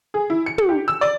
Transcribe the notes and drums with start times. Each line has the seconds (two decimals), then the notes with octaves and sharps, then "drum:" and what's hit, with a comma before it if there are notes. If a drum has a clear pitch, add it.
0.14 G#4
0.30 E4
0.46 C#7
0.58 drum: tom
0.69 G4
0.88 E6
1.01 D5